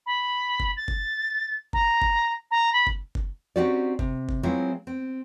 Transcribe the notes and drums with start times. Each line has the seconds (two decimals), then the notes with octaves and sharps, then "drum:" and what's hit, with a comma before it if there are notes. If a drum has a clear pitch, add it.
0.06 B5
0.60 drum: kick F#1
0.77 A6
0.88 drum: kick F#1
1.73 A#5, drum: kick F#1
2.02 drum: kick F#1
2.51 A#5
2.73 B5
2.87 drum: kick F#1
3.15 drum: kick F#1
3.56 C4 C#4 D#4 F#4 G4 D5
3.99 C3, drum: kick F#1
4.29 drum: kick F#1
4.43 F#3 G#3 B3 C4 E4 F4
4.87 C4